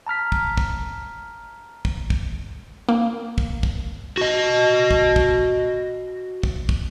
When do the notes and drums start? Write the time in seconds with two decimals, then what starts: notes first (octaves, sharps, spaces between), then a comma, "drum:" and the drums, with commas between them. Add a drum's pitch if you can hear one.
0.07 A5 A#5 F6 B6
0.32 drum: kick
0.57 drum: kick
1.85 drum: kick
2.10 drum: kick
2.89 A#3
3.38 drum: kick
3.63 drum: kick
4.17 F#4 D#5
4.91 drum: kick
5.16 drum: kick
6.43 drum: kick
6.69 drum: kick